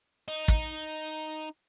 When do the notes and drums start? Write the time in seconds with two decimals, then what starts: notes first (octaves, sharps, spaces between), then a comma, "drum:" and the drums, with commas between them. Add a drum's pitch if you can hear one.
0.28 D#4
0.48 drum: kick